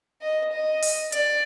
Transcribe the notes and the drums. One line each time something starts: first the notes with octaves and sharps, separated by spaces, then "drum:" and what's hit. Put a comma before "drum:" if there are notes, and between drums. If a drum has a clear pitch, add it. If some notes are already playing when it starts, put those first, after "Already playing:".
D#5
D#5
drum: open hi-hat
D5, drum: hi-hat